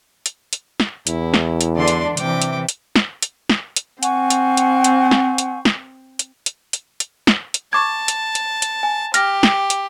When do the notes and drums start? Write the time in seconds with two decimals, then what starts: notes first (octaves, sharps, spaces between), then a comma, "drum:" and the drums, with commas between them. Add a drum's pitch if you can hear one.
0.26 drum: hi-hat
0.53 drum: hi-hat
0.80 drum: snare
1.07 E2 E4, drum: hi-hat
1.34 drum: snare
1.61 drum: hi-hat
1.76 D3 E3 D4 D5 C6
1.88 drum: hi-hat
2.17 C3 E3 G5 D6, drum: hi-hat
2.42 drum: hi-hat
2.69 drum: hi-hat
2.96 drum: snare
3.23 drum: hi-hat
3.49 drum: snare
3.76 drum: hi-hat
4.03 C4 F#5 G#5 C#6, drum: hi-hat
4.30 drum: hi-hat
4.57 drum: hi-hat
4.84 drum: hi-hat
5.11 drum: snare
5.38 drum: hi-hat
5.65 drum: snare
6.19 drum: hi-hat
6.46 drum: hi-hat
6.73 drum: hi-hat
7.00 drum: hi-hat
7.27 drum: snare
7.54 drum: hi-hat
7.73 A5 C#6 D6 G#6
8.08 drum: hi-hat
8.35 drum: hi-hat
8.62 drum: hi-hat
8.83 G#5
9.14 G4 F6 A#6, drum: hi-hat
9.43 drum: snare
9.70 drum: hi-hat